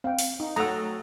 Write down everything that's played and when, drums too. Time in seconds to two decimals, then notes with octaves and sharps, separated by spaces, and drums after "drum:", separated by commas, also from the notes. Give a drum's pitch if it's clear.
0.04 C4 F5 G5
0.19 drum: open hi-hat
0.40 D#4
0.56 F#3 A3 C4 F#5 A#5 D#6 E6